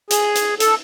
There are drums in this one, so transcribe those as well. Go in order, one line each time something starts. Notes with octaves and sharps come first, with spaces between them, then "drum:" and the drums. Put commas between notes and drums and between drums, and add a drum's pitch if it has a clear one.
G#4, drum: hi-hat
drum: hi-hat
A4, drum: hi-hat